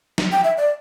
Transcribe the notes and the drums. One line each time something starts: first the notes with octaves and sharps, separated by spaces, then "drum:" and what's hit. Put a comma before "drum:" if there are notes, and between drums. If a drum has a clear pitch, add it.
drum: snare
G5
E5
D5